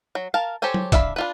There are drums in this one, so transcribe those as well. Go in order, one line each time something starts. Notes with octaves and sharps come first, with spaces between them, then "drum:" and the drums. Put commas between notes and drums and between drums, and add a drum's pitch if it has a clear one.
F#3
A#4 F5 A5
G4 A4 C5 C#5 G#5
drum: tom F#3
D4 E5 F5 B5, drum: kick, hi-hat
D4 F4 B4